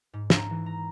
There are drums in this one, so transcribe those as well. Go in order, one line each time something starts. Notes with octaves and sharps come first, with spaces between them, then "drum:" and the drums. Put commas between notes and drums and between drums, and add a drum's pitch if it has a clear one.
G#2
A#5, drum: snare
E3
A#5